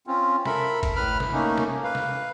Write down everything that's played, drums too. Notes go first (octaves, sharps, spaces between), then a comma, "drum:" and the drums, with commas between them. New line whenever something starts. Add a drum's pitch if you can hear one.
C4 C#4 F4
A4 A#4 E5 B5, drum: snare
drum: kick G1, cymbal
A2 B4 B5 F6
drum: snare
A3 A#3 C#4 D#4
drum: snare
B4 F5
drum: snare